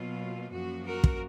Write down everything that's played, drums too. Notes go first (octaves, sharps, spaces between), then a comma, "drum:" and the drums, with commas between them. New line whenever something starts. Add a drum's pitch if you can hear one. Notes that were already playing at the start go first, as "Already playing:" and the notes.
Already playing: B2 F#3 A#3 F4
F#2 F3 A#3 F#4
F#4 A#4
drum: kick